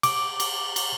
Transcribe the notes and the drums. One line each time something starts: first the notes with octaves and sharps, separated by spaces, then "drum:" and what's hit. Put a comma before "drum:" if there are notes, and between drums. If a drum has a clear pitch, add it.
D6, drum: cymbal
drum: cymbal
drum: cymbal